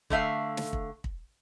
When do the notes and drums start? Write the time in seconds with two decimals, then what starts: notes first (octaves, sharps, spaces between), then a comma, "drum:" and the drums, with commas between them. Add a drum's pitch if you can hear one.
0.10 D3 A3 E5 F5, drum: kick
0.57 drum: snare
0.73 drum: kick
1.04 drum: kick